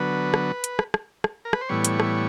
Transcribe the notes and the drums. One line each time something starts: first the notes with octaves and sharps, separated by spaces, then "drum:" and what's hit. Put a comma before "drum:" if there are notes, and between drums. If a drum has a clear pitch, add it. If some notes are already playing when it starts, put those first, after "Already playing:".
Already playing: D3 F#3 B3 B4
drum: rim click
drum: hi-hat
drum: rim click
drum: rim click
drum: rim click
A#4
B4, drum: rim click
C5
A2 E3 G3 B3 C#5
drum: hi-hat
drum: rim click